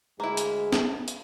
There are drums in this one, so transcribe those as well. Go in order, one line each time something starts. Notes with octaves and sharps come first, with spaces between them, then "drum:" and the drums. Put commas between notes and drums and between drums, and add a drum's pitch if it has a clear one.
D2 G#3 A#3 E4 G#4
drum: hi-hat
drum: snare
drum: hi-hat